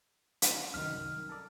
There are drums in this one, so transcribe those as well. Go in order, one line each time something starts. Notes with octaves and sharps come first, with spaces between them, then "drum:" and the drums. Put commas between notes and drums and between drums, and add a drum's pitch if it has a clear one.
drum: hi-hat
C2 F#2 D#3 F6
A4 A#4 D5